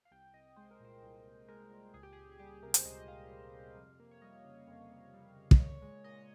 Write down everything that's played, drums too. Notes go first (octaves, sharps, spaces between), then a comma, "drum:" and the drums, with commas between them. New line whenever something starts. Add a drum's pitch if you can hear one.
F5
C2 G5
C2 D#5
G#3 C5
A#4
A#2 C5
C2
C2
G#3 A#4
A#2
C#2 G#4
G4
C#2 G#4
G#4
G3 G4
G#4
C3 A#4
C5, drum: hi-hat
C#2 D#5
D#5
C#2 F5
G3
C3
F2
A#3
C#5
G3 D#5
C#3
F2
A#3
G3
C#3
D#5, drum: kick
A#2 C#5
G#3
A#2 D#5